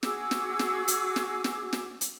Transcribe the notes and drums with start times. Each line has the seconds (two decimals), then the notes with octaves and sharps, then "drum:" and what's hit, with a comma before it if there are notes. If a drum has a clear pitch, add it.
0.03 F#4 G#4 D6 E6, drum: snare
0.31 drum: snare
0.59 drum: snare
0.88 drum: hi-hat
1.16 drum: snare
1.44 drum: snare
1.73 drum: snare
2.01 drum: hi-hat